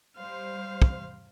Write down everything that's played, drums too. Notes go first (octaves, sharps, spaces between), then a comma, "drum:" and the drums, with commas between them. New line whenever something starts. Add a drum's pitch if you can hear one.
G3 C5 F5
drum: kick